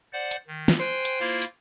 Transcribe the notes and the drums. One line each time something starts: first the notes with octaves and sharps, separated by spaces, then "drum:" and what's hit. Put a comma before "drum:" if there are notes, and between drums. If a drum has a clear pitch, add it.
C5 D5 F#5
drum: hi-hat
D#3
drum: snare
C5 G5 G#5 F#6
drum: hi-hat
A#3 E4 F4
drum: hi-hat